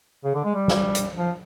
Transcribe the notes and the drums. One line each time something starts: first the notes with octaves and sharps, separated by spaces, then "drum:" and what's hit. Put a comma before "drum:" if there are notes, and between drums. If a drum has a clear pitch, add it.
C#3
D3
G#3
G3
drum: snare
drum: hi-hat
F3